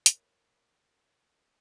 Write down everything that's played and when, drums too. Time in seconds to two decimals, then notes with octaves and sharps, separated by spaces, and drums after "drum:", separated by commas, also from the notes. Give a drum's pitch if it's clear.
0.06 A#4 C#5 B5 F#6, drum: hi-hat